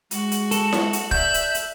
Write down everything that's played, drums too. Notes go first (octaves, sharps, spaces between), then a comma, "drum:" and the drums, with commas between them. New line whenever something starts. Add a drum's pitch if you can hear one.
G#3 F#4, drum: hi-hat
drum: hi-hat
A4, drum: hi-hat
drum: snare E4
drum: hi-hat
D5 E5 F#6 G6, drum: kick
drum: hi-hat
drum: hi-hat